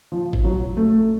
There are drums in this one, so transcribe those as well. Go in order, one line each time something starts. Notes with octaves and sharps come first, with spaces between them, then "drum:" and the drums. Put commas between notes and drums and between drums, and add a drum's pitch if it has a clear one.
F3
drum: kick
F#3
A3